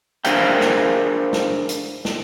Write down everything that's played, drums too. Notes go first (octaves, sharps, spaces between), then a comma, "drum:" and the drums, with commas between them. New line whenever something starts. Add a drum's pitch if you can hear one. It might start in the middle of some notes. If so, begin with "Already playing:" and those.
D4 G#4 A#4 C5 F5 G5, drum: hi-hat
drum: snare
drum: snare
drum: hi-hat
drum: snare